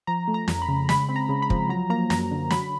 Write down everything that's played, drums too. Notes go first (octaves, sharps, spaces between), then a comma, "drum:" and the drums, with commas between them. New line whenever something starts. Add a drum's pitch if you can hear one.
F3 A#5
A3
A#5
F2, drum: snare
B5
C#3
G#3 B5, drum: snare
C4
A#5
C#3
B5
F3, drum: kick
F#3 A#5
A#3 A#5
F#2 A#5, drum: snare
D3
F#3 B5, drum: snare